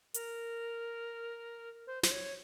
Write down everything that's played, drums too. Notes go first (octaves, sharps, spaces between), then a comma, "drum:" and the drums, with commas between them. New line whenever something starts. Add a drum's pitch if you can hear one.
A#4, drum: hi-hat
C5
C5, drum: snare
C#5